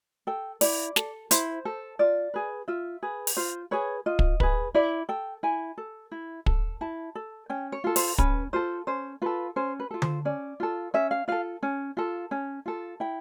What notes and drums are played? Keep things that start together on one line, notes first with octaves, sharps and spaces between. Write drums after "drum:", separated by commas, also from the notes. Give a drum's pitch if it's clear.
A4 G5
E4 D5, drum: open hi-hat
A4, drum: snare
E4 C5, drum: hi-hat
A4
F4 D5
G#4 B4
F4 E5
G#4 B4
drum: open hi-hat
F4 C5
G#4 B4 C#5
F4 D#5
drum: kick
G#4 B4, drum: kick
E4 D5
A4 G5
E4 G#5
A4
E4
A4, drum: kick
E4 A5
A4
C#4 G5
C#5
F4 A4
C5, drum: open hi-hat
C#4 B4, drum: kick
F4 A4 C5
C#4 C5
F4 A4 B4
C#4 C5
B4
F4 A4
C5, drum: tom D3
C#4 D5
F4 A4
C#4 E5
F5
F4 A4 F5
C#4
F4 A4
C#4
F4 A4
E4 G5